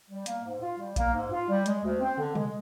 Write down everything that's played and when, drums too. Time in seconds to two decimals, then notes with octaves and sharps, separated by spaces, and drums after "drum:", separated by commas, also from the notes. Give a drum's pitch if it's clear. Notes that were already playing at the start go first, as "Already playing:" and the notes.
0.09 G3
0.26 A#3, drum: hi-hat
0.44 G#2
0.61 F4
0.79 G3
0.96 A#3, drum: kick A#1, hi-hat
1.14 G#2
1.31 F4
1.49 G3
1.66 G#3, drum: hi-hat
1.84 D2
2.00 C4
2.18 D3
2.35 G#3, drum: tom